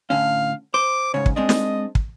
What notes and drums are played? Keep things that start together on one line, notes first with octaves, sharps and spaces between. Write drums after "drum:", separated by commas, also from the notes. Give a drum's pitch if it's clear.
A2 D3 C#4 F5
C5 D6
G#2 C#3 C#5
drum: kick
G#3 C4 D4 D#5
drum: snare
drum: kick